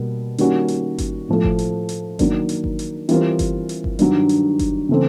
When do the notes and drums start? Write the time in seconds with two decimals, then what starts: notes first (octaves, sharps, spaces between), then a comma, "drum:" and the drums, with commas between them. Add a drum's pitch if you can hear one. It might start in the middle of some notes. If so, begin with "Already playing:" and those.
Already playing: B2 G3 A#3
0.38 D#3 G3 A#3 C#4 F#4, drum: hi-hat
0.68 drum: hi-hat
0.98 drum: kick G1, hi-hat
1.29 A2 F3 A3
1.44 drum: kick G1
1.59 drum: hi-hat
1.89 drum: hi-hat
2.19 D#3 F#3 A#3 D4, drum: kick G1, hi-hat
2.49 drum: hi-hat
2.64 drum: kick G1
2.79 drum: hi-hat
3.09 E3 G3 C4 F4 A#4, drum: hi-hat
3.39 drum: kick G1, hi-hat
3.69 drum: hi-hat
3.84 drum: kick G1
3.99 G2 D#3 F#3, drum: hi-hat
4.29 drum: hi-hat
4.59 drum: kick G1, hi-hat
4.89 C#3 E3 A3 C4